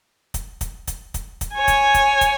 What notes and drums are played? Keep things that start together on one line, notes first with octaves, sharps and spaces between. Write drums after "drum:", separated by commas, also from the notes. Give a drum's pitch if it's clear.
drum: kick, hi-hat
drum: kick, hi-hat
drum: kick, hi-hat
drum: kick, hi-hat
drum: kick, hi-hat
C#5 G#5
drum: kick, hi-hat
drum: kick, hi-hat
drum: kick, hi-hat